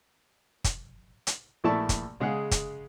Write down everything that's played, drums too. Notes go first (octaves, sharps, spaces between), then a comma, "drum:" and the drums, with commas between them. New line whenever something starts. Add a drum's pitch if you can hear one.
drum: kick, hi-hat
drum: hi-hat
A#1 A3 E4 D5 A5 C#6
drum: kick, hi-hat
C#3 G#3 G#4 F5 F#5
drum: kick, hi-hat